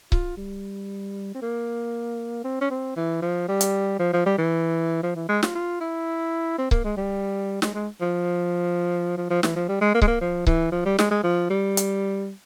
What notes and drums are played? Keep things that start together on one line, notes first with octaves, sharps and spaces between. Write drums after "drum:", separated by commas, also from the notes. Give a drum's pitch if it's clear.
F4, drum: kick C#1
G3
C4
A#3
C4
C#4
C4
E3
F3
G3
drum: hi-hat
F3
F3
G3
E3
F3
E3
G#3
F4, drum: snare
F4
E4
C4
A#3, drum: kick C#1
G#3
G3
G#3, drum: snare
G#3
F3
F3
F3
E3, drum: snare
F3
G3
G#3
A#3
G#3, drum: kick C#1
A#3
F3
E3, drum: kick C#1
F3
G3
G#3, drum: snare
G#3
F3
G3
drum: hi-hat